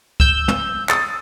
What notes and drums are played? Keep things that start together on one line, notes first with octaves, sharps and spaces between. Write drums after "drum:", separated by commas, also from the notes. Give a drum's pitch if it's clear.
E6 G6, drum: kick
drum: tom
D#6 E6 A6, drum: clap